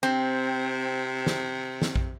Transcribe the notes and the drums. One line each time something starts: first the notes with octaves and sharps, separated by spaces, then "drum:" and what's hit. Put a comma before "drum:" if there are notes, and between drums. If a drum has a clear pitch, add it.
C3 C4
drum: snare
drum: snare
drum: kick A#1